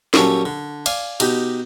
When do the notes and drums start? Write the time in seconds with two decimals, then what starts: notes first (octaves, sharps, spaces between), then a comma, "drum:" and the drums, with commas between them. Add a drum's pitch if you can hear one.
0.14 A#2 F#3 G3 C#4 A4, drum: snare
0.45 D3
0.86 D5 F5 G#5, drum: cymbal
1.20 B2 D#4 G4, drum: cymbal